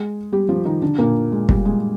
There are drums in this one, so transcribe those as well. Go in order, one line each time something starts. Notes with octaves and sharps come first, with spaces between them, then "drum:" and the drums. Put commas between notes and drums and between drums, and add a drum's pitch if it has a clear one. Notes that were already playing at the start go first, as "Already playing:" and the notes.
Already playing: G#3 G#4
G3 G4
F3 F4
D#3 D#4
D3 D4
A#2 A#3
G#3
G3, drum: kick
G#3